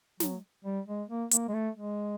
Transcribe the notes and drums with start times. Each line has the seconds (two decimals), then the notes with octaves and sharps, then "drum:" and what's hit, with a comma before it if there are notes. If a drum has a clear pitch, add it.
0.20 F#3, drum: snare
0.65 G3
0.87 G#3
1.09 A#3
1.31 A#3, drum: hi-hat
1.48 G#3
1.54 A3
1.76 G#3